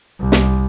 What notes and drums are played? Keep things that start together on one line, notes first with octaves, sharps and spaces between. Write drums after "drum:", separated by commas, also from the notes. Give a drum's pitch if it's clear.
C2
drum: snare